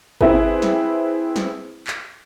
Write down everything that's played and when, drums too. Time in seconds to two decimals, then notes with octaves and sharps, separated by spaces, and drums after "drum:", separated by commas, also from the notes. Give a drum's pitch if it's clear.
0.21 C4 E4 G#4 B4, drum: kick G#1
0.62 drum: snare
1.36 drum: snare
1.87 drum: clap